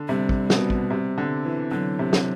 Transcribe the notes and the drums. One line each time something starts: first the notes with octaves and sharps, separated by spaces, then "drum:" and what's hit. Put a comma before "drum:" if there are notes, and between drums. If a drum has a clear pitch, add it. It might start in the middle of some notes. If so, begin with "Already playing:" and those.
Already playing: D3
C3 G3
drum: kick
B2, drum: snare
drum: kick
C3
D3
E3
D3 F#3
C3
drum: snare